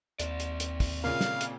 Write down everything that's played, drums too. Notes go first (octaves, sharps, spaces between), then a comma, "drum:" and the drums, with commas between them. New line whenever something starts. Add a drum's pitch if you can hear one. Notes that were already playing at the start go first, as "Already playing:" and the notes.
D#2 C4 D5, drum: hi-hat
drum: hi-hat
drum: hi-hat
drum: kick, open hi-hat
A#2 C#3 A#3 F5
drum: snare
drum: hi-hat